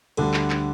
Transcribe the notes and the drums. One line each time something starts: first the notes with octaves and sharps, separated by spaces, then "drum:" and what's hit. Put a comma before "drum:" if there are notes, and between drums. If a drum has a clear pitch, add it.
D2 D3 G3 D4, drum: cymbal
drum: clap
drum: clap